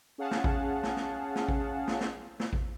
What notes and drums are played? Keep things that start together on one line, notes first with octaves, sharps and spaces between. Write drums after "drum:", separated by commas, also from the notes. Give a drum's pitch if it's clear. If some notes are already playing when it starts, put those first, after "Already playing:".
C#4 G#4 F5 F#5 A5
drum: snare
drum: kick A1
drum: snare
drum: snare
drum: snare
drum: kick A1
drum: snare
drum: snare
drum: snare
drum: kick A1